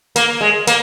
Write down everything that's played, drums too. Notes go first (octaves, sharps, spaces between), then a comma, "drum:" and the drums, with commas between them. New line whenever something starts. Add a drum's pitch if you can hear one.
A#3, drum: hi-hat
G#3
A#3, drum: hi-hat